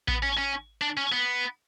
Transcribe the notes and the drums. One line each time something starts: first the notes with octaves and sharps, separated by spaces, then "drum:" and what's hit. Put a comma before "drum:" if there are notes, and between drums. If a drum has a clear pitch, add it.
B3, drum: kick A1
C#4
C#4
D4
C#4
B3